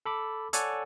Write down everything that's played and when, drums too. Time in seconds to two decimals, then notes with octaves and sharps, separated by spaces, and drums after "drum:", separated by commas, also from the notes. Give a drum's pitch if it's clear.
0.06 A4 B5 D6
0.53 A4 C#5 D5 F#5 G#5, drum: hi-hat